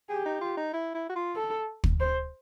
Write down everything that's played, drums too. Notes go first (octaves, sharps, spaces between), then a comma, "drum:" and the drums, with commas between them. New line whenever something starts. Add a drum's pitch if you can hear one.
G4 G#4
D#4
F4
D#4
E4
E4
F#4
F4
A4
drum: kick
C5